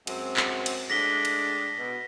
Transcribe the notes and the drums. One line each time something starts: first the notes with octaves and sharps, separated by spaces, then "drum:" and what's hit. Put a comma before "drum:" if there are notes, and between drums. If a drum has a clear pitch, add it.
F#2 G#3 C4, drum: cymbal
drum: clap
drum: cymbal
A2 G#3 D4 A#6 B6 G7
drum: cymbal
B2